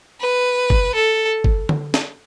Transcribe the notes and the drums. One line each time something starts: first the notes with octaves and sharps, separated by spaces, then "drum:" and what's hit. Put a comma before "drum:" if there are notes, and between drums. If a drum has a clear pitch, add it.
B4
drum: kick G1
A4
drum: kick G1
drum: tom D3
drum: snare